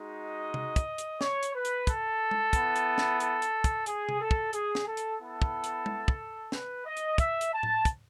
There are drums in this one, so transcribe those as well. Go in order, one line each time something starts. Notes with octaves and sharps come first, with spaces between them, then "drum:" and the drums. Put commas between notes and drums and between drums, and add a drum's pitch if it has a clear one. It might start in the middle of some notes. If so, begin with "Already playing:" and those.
Already playing: G#3 D#4 F#4
D#5
drum: tom C3
drum: kick, hi-hat
drum: hi-hat
C#5, drum: snare
drum: hi-hat
B4
drum: hi-hat
A4, drum: kick, hi-hat
drum: tom
B3 E4, drum: kick, hi-hat
drum: hi-hat
drum: snare
A4, drum: hi-hat
drum: hi-hat
drum: kick, hi-hat
G#4, drum: hi-hat
drum: tom C3
A4
drum: kick
G#4, drum: hi-hat
drum: snare
A4
drum: hi-hat
B3 E4 A4
drum: kick
drum: hi-hat
drum: tom
drum: kick
B4, drum: snare
D#5
drum: hi-hat
E5, drum: kick, hi-hat
drum: hi-hat
A5
drum: tom A2
drum: kick, hi-hat